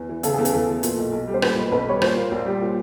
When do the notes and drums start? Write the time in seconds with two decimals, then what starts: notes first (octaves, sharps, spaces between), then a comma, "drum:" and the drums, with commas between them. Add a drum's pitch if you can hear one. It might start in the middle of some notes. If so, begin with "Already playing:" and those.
Already playing: E2
0.09 E3
0.23 C#3 A4, drum: hi-hat
0.34 E2 G#4
0.45 A4, drum: hi-hat
0.53 E2
0.68 E3
0.83 A#2, drum: hi-hat
0.98 B1
1.12 B1
1.27 G3
1.34 C5
1.42 A#2 B4, drum: rim click
1.57 B1
1.72 B1 B4
1.86 G3 C#5
2.02 A#2 C5, drum: rim click
2.16 A#3
2.32 A#1
2.46 G3
2.61 A#2